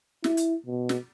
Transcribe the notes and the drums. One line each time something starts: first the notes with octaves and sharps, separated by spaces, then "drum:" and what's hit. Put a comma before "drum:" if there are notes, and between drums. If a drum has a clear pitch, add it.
E4, drum: snare
drum: hi-hat
B2
drum: snare